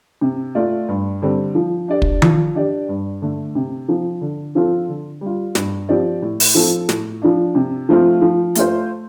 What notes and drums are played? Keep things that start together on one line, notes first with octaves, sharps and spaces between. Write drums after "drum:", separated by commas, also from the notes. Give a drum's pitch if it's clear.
C3
A3 F4 D5
G2
D3 G3 C4
F3
D4 G4 D5
drum: kick
F3, drum: tom D#3
D4 G4 D5
G2
D3 A3
C3
F3 C4
D3
F3 C4 F4 A4
D3
G3 F4
G2, drum: snare
F3 C4 G4 D5
A2
drum: open hi-hat
F3 C4 A4
A2, drum: snare
F3 D4
C3
F3 A3 C4 F4
F3
A3 F4 C5, drum: hi-hat